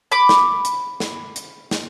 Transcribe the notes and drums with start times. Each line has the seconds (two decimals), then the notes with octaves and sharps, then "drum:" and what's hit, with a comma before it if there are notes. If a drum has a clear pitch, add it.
0.11 B5 D6
0.29 drum: snare
0.65 drum: hi-hat
1.00 drum: snare
1.36 drum: hi-hat
1.71 drum: snare